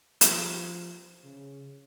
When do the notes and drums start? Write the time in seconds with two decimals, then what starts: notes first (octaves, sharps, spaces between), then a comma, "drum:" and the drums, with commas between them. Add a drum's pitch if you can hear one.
0.21 F3, drum: hi-hat
1.24 C#3